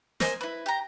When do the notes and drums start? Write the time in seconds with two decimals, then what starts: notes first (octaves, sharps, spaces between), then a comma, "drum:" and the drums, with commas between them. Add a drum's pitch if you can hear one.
0.20 A#4 C5 D#5 G#5, drum: snare
0.41 E4 B4
0.66 G4 A#5